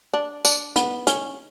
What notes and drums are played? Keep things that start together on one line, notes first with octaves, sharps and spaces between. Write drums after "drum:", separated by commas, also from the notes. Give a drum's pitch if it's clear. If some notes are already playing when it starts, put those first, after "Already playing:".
D4
D4, drum: tambourine
B3, drum: hi-hat
C#4, drum: hi-hat